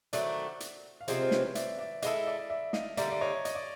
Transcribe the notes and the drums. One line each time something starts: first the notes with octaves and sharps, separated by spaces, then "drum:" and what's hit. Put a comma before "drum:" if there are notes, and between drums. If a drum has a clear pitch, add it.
D#3 F#3 A3 D4 C5 D5, drum: hi-hat
drum: hi-hat
F5
C3 F3 G#3 C4 D5 E5, drum: hi-hat
C5
B4 C#5, drum: snare
D5 E5, drum: hi-hat
D5 E5
G#3 C#4 E4 A4 D#5 F5, drum: hi-hat
D5 E5
D5 E5
D#5 F5, drum: snare
D3 G3 A#3 D#4 D5 E5, drum: hi-hat
D5
C#5 D#5
D#5, drum: hi-hat
D5